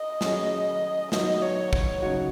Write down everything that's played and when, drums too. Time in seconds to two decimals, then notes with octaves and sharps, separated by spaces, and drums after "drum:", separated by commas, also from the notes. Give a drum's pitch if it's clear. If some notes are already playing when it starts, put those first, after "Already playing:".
Already playing: D#5
0.21 F#3 C#4 G#4, drum: snare
1.12 F#3 B3 D#4 F#4 D#5, drum: snare
1.42 C#5
1.73 C#5, drum: kick
2.02 C#3 F#3 D#4 F#4